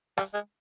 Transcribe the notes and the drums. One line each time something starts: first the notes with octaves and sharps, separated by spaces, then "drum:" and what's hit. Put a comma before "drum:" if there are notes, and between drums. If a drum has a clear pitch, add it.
G3, drum: rim click
G#3